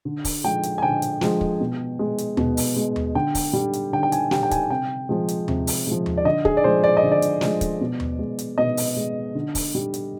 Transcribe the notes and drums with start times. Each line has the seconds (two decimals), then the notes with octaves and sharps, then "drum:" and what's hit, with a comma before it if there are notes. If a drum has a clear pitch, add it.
0.05 D3
0.25 drum: kick, open hi-hat
0.44 F3 G#3 G5
0.63 drum: hi-hat
0.78 G#5
0.82 D3 G5
1.02 drum: hi-hat
1.21 F3 G#3, drum: snare
1.41 drum: kick
1.61 B2
1.99 G#3
2.18 drum: hi-hat
2.37 B2, drum: tom D#2
2.57 drum: open hi-hat
2.76 G#3
2.96 drum: tom D#2
3.15 D3 G5
3.35 drum: kick, open hi-hat
3.53 G3
3.73 drum: hi-hat
3.93 D3 G5
4.03 G5
4.12 G#5, drum: hi-hat
4.31 G3 G5, drum: snare
4.43 G5
4.51 G#5, drum: kick, hi-hat
4.70 C3 G5
5.09 F3 G#3
5.28 drum: hi-hat
5.48 C3, drum: tom D#2
5.67 drum: open hi-hat
5.87 F3 G#3
6.06 drum: tom D#2
6.17 D5
6.25 D3 D#5
6.45 G#4, drum: kick
6.57 D5
6.64 F3 G#3 C5
6.84 D5
6.97 D#5
7.03 D3
7.12 D5
7.22 drum: hi-hat
7.41 F3 G#3, drum: snare
7.61 drum: kick, hi-hat
7.81 B2
8.00 drum: tom D#2
8.19 G#3
8.39 drum: hi-hat
8.58 B2 D#5
8.77 drum: open hi-hat
8.96 G#3
9.35 D3
9.55 drum: kick, open hi-hat
9.75 G3
9.94 drum: hi-hat